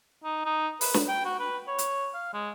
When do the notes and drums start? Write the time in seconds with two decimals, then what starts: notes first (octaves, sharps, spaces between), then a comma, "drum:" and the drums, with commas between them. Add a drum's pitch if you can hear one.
0.24 D#4
0.45 D#4
0.81 B4, drum: open hi-hat
0.94 drum: snare
1.08 G5
1.25 F#4
1.39 B4
1.68 C#5
1.78 drum: hi-hat
2.14 F5
2.33 G#3